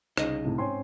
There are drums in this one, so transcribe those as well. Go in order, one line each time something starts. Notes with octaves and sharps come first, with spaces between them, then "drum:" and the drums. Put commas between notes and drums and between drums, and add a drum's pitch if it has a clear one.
C2 C#3 D#4 D#5, drum: rim click
A2 C3
G#2 C4 C#4 C#5 G#5 C6